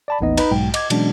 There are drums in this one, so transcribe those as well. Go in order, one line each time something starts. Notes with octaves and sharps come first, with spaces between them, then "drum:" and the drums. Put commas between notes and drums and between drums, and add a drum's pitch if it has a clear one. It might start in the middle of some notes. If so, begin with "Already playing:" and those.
D5 A5 B5
A1 D#2 B3 D#4 D#5
D#4 B4 A#5 B5, drum: cymbal
B1 G#2 G#3 G5
D#5 D6 G#6, drum: cymbal
B2 E3 F#3 G#3 C#4 D4, drum: cymbal